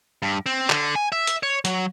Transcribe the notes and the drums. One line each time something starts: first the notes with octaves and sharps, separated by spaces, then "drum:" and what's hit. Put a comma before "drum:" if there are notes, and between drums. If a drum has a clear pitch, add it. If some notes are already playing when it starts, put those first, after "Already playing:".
G2
C4
D3, drum: clap
G#5
E5
drum: hi-hat
C#5
F#3, drum: hi-hat